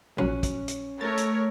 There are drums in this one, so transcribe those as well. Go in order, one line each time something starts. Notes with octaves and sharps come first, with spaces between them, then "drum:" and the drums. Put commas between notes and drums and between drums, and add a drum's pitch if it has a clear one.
A#1 F#3 C#4 F#6, drum: tom B2
drum: kick, hi-hat
drum: hi-hat
A3 A#4 C#5 A6
drum: hi-hat